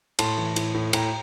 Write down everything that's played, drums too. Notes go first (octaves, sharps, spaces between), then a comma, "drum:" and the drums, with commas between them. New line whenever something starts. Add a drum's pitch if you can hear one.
A2 A5 C6, drum: cymbal
E3
A2, drum: cymbal
A2
A2 G5 A#5, drum: cymbal